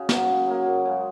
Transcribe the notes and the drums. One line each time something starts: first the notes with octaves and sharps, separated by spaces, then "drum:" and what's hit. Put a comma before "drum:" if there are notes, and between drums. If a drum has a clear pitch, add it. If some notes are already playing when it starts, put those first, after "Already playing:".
Already playing: C#3 F#4 G#4
F#3 A#3, drum: snare
C#3
F#3 A#3
F#2
C#3 G#3